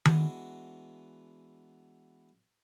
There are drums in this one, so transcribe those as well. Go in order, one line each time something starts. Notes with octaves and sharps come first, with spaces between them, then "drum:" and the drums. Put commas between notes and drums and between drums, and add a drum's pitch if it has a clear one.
E3 G#3 B3 D4 F#4, drum: tom D#3